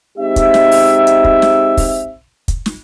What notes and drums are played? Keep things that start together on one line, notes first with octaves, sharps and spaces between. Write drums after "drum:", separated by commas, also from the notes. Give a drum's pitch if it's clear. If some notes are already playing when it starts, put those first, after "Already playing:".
G#3 C4 D#4 G4 E5
drum: kick, hi-hat
drum: snare
drum: open hi-hat
drum: hi-hat
drum: kick
drum: snare
drum: kick, open hi-hat
drum: kick, hi-hat
drum: snare